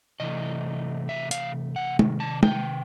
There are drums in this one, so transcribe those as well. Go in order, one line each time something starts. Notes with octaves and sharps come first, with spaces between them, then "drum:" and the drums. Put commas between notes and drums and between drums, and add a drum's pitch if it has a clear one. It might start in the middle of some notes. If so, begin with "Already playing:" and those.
C3 E3 A3 D#5
E5
F5, drum: hi-hat
F#5
C3 D#3, drum: tom
A5
G5, drum: tom